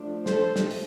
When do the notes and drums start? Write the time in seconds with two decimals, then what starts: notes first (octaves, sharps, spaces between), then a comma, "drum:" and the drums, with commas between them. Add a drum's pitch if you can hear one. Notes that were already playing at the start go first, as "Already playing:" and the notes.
Already playing: F3 A3 D4
0.26 A4 C5, drum: snare
0.56 drum: snare
0.71 drum: open hi-hat